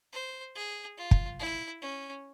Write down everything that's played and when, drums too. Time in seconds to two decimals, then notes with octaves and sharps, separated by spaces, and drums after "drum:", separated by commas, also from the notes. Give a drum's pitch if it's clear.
0.13 C5
0.55 G#4
0.97 F4
1.11 drum: kick
1.39 E4
1.82 C#4